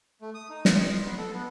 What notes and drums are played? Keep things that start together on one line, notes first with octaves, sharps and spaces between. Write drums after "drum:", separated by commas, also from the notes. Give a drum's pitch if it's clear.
A3
D#6
D#4
C6, drum: snare
D#5
C6
B3
A4
B3